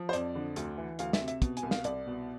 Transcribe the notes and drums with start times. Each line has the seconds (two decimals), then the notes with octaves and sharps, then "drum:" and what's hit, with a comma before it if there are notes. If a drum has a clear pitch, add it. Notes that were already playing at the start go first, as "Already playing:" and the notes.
Already playing: F3
0.09 C5
0.13 F2 D5, drum: hi-hat
0.35 D3
0.56 D2, drum: hi-hat
0.78 E3
0.99 D2 F5, drum: hi-hat
1.13 E5, drum: snare
1.21 C3
1.28 E5, drum: hi-hat
1.42 B2, drum: kick, hi-hat
1.57 G#5, drum: hi-hat
1.63 C2
1.71 F5, drum: snare
1.84 C2 D5, drum: hi-hat
2.07 B2